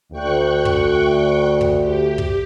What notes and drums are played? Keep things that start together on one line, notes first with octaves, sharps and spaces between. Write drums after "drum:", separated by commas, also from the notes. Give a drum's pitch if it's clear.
D2 G5 C#6 F#6
drum: kick
drum: kick
G4
drum: kick